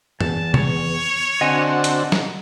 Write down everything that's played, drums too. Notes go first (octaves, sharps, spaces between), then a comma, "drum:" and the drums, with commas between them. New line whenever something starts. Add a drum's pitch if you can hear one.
E2 A5, drum: tom
C#5, drum: tom
D3 C4 F#4 D#5 F#5 G#5
drum: hi-hat
drum: snare